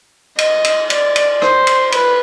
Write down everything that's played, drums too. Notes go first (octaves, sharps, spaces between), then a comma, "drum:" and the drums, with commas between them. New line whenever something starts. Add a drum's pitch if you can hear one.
D#5, drum: cymbal
drum: cymbal
D5, drum: cymbal
drum: cymbal
C5, drum: rim click
drum: cymbal
B4, drum: cymbal